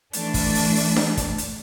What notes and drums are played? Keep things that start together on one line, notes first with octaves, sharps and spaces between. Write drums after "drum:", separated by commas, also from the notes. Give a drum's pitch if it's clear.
E3 A3 D4, drum: hi-hat
drum: kick, open hi-hat
drum: open hi-hat
drum: open hi-hat
drum: snare D4
drum: kick, hi-hat
drum: hi-hat